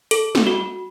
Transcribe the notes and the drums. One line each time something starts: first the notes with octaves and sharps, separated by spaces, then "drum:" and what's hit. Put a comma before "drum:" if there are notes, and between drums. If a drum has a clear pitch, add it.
A4, drum: hi-hat
drum: snare
F#4